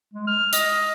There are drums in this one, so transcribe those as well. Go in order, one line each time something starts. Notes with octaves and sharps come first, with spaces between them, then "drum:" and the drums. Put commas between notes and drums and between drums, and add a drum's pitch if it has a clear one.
G#3
F6
D#5, drum: hi-hat